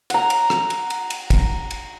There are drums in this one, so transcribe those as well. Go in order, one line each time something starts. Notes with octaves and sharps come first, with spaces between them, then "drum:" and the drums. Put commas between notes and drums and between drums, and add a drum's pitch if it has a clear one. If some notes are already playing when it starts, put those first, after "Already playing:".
F#5 A#5, drum: cymbal
drum: cymbal
drum: rim click
drum: cymbal
drum: cymbal
drum: cymbal
drum: kick, cymbal
drum: cymbal